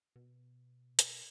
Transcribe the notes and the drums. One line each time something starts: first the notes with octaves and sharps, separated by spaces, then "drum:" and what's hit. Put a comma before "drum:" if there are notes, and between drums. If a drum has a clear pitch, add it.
B2
drum: hi-hat